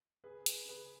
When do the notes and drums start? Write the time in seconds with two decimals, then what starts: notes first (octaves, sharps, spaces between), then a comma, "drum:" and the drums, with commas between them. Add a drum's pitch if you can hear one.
0.24 G#4 B4
0.46 G#4 B4, drum: hi-hat
0.69 G#4 B4